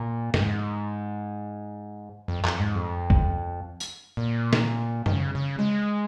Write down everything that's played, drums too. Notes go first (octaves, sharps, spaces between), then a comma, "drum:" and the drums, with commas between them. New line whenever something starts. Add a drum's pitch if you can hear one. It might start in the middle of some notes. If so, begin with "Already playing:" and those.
Already playing: A#2
F2, drum: snare
G#2
F2
F2, drum: clap
G#2
F2
drum: kick
drum: tambourine
A#2
drum: snare
D#3, drum: tom F#2
C#3
C#3
G#3